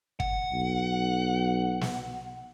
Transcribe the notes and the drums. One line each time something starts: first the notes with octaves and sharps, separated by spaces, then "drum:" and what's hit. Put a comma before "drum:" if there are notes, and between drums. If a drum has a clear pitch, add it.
F#5, drum: kick
B1
drum: snare